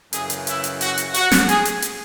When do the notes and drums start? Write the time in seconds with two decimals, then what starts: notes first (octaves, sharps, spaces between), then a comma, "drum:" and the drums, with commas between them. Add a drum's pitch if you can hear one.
0.13 F#2 C#3 E3 G#4, drum: hi-hat
0.30 drum: hi-hat
0.47 E4, drum: hi-hat
0.64 drum: hi-hat
0.81 F#4, drum: hi-hat
0.98 drum: hi-hat
1.14 F#4, drum: hi-hat
1.31 drum: snare
1.49 G#4, drum: hi-hat
1.65 drum: hi-hat
1.82 drum: hi-hat